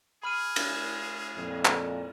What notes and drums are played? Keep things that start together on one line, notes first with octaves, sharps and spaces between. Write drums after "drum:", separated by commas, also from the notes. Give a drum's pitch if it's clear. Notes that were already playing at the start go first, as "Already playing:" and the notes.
G#4 B5 F6 D#7
A6, drum: cymbal
F2 A#2
drum: clap